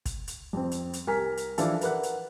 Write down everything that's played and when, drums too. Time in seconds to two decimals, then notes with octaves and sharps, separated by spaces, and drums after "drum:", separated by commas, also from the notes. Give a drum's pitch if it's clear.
0.06 drum: kick, hi-hat
0.28 drum: hi-hat
0.53 F2 C4
0.71 drum: hi-hat
0.93 drum: hi-hat
1.07 C2 A#4 G#5 A#5 F6 B6
1.37 drum: hi-hat
1.58 E3 F3 D4 E4 F4 A4, drum: hi-hat
1.81 A#4 B4 E5 F#5 F#6, drum: hi-hat
2.03 drum: hi-hat